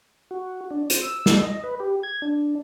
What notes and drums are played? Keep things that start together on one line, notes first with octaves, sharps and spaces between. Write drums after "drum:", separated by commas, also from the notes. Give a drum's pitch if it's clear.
F#4
D4
C5, drum: hi-hat
E6
drum: snare
D#5
B4
G4
G#6
D4